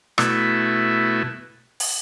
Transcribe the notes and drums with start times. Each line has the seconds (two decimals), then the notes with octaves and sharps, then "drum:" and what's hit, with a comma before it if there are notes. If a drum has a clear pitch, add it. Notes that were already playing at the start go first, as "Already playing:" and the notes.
0.18 B2 A3 E4, drum: rim click
1.80 drum: open hi-hat